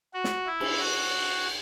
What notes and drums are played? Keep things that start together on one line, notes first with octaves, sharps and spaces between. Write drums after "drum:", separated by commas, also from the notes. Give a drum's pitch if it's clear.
F#4
drum: snare
E4
drum: cymbal
F#4